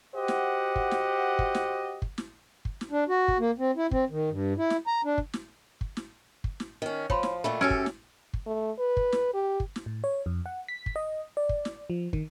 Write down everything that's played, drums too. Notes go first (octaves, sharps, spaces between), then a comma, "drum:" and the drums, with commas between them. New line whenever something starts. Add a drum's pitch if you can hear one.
F#4 G4 C5 D#5 F#5
drum: snare
drum: kick
drum: snare
drum: kick
drum: snare
drum: kick
drum: snare
drum: kick
drum: snare
D4
F#4
drum: kick
A#3
C4
E4
C4, drum: kick
D#3
G2
E4
drum: snare
A#5
D4
drum: kick
drum: snare
drum: kick
drum: snare
drum: kick
drum: snare
D#3 C#4
F3 C#5 B5 C6, drum: kick
drum: snare
A#2 D#3 A3 B5
F#2 C#4 G4 A4 E6 D7
drum: kick
drum: snare
drum: kick
A3
B4
drum: kick
drum: snare
G4
drum: kick
drum: snare
A2
C#5
F2
F#5
B6
drum: kick
D#5
D5
drum: kick
drum: snare
F3
D#3, drum: kick